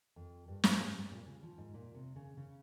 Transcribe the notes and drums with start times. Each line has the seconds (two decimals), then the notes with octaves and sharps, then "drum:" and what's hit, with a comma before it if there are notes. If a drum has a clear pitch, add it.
0.16 F2
0.48 G2
0.64 G2, drum: snare
0.79 G#2
0.95 G2
1.11 A#2
1.26 C#3
1.43 F3
1.58 G#2
1.74 A#2
1.94 C3
2.16 C#3
2.37 C#3